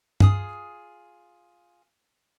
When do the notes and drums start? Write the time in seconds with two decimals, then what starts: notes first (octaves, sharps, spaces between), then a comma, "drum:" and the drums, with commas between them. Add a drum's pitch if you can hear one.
0.20 F4 G#4 D#6, drum: tom